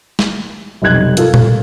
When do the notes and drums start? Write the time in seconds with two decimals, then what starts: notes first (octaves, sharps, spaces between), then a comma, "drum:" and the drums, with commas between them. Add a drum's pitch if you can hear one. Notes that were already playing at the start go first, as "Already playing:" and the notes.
0.19 drum: snare
0.82 F1 B1 G3 F#6 G#6 F#7
1.17 F4 A4 A#4, drum: hi-hat
1.34 drum: tom A#2